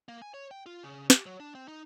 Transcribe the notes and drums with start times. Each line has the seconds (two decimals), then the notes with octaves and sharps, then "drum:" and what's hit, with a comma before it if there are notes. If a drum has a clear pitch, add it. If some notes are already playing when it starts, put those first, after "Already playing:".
0.09 A#3
0.22 G#5
0.34 C#5
0.51 G5
0.66 F4
0.83 C#3
1.10 G4, drum: snare
1.26 F#3
1.40 D4
1.55 C4
1.68 D#4